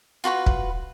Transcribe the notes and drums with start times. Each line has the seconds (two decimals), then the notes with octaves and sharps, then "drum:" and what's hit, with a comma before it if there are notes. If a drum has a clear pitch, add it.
0.24 F4 F#4 B4 B5
0.46 drum: kick